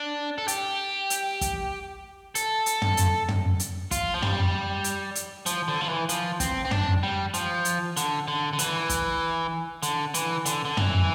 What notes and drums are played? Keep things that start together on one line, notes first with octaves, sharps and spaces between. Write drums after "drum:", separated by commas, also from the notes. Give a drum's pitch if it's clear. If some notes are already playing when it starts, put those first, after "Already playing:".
Already playing: D4
A4
G4, drum: hi-hat
drum: hi-hat
drum: kick, hi-hat
A4, drum: hi-hat
drum: hi-hat
drum: tom
drum: hi-hat
drum: tom
drum: hi-hat
F4, drum: kick, hi-hat
F3
G3, drum: tom
drum: hi-hat
drum: hi-hat
F3, drum: hi-hat
D3
F3
E3
F3, drum: hi-hat
C4, drum: kick, hi-hat
C4
D4, drum: tom
G3
F3, drum: hi-hat
drum: hi-hat
D3, drum: hi-hat
D3
D3
E3, drum: hi-hat
drum: kick, hi-hat
D3, drum: hi-hat
E3, drum: hi-hat
D3, drum: hi-hat
D3
E3, drum: tom